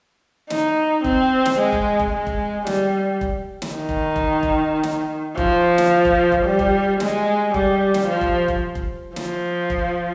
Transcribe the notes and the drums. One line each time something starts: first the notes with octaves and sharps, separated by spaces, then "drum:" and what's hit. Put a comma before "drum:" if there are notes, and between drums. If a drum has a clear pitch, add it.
D#4, drum: snare
C4, drum: kick
drum: snare
G#3
drum: kick
drum: kick
G#3
drum: kick
G3, drum: snare
drum: kick
drum: snare
D#3
drum: kick
drum: kick
drum: kick
drum: snare
F3, drum: kick
drum: snare
drum: kick
drum: kick
G3
drum: kick
G#3, drum: snare
G3, drum: kick
drum: snare
F3
drum: kick
drum: kick
drum: kick
F3, drum: snare
drum: kick